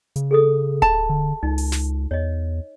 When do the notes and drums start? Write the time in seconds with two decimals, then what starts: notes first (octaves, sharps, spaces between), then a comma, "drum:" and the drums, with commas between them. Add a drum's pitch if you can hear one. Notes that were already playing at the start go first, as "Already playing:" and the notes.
0.16 C#3, drum: hi-hat
0.31 G#4 A4 D#6
0.82 A5, drum: kick D1
1.10 D3
1.43 C#2 D#4
1.58 drum: open hi-hat
1.72 drum: snare
2.11 E2 C#5 D#5